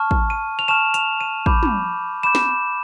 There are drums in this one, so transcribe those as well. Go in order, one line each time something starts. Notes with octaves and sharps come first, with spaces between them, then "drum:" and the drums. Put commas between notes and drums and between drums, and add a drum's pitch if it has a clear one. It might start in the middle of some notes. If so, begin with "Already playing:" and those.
Already playing: A5 C#6 F6
drum: kick A1
D#7
F7
A5 C#6 F6 E7
F7, drum: hi-hat
D#7
B5 D6 G6, drum: kick A1
drum: tom
B5 D6 G6 E7
drum: snare